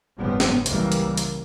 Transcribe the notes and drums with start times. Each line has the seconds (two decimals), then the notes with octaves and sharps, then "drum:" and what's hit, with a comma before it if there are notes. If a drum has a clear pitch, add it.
0.19 F#1 G#2 F3 G3 B3
0.40 drum: snare
0.66 C#2 E3 G3 A#3, drum: hi-hat
0.92 drum: hi-hat
1.17 drum: hi-hat